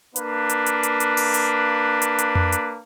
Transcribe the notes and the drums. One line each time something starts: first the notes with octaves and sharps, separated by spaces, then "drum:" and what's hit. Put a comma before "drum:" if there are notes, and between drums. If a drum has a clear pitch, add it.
A#3 D4 B4, drum: hi-hat
drum: hi-hat
drum: hi-hat
drum: hi-hat
drum: hi-hat
drum: open hi-hat
drum: hi-hat
drum: hi-hat
drum: hi-hat
drum: tom F2
drum: hi-hat